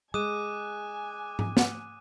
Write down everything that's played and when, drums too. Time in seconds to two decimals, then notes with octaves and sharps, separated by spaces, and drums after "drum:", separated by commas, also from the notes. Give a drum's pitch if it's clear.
0.14 G#3 G#5 D6 D#6 F#6 D#7
1.39 drum: tom G#2
1.57 drum: snare